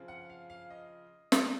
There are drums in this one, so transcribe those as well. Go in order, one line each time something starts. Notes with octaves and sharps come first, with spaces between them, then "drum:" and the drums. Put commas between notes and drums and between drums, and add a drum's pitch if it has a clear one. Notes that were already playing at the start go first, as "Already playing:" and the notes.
Already playing: C#3 F3 C4
F#5
F5
F5
D#5
drum: snare